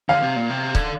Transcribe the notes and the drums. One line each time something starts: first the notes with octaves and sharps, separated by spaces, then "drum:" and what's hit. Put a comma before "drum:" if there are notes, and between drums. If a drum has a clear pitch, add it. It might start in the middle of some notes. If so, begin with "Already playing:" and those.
D3 F5
C3
A#2
C3
D3, drum: kick